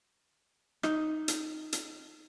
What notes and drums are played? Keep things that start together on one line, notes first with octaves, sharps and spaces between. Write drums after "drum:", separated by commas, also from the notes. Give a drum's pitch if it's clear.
D#4, drum: rim click
drum: hi-hat
drum: hi-hat